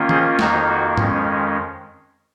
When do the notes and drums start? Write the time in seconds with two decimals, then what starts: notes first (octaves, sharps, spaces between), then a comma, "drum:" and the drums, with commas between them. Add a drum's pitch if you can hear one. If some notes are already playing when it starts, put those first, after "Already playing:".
Already playing: D#3 A#3 C#4 F4
0.09 G#4 C5, drum: tom D#3
0.39 F2 D#3 A#3 D#4 F#4, drum: snare
0.68 F#4
0.97 F2 D#3 G#3 C#4, drum: tom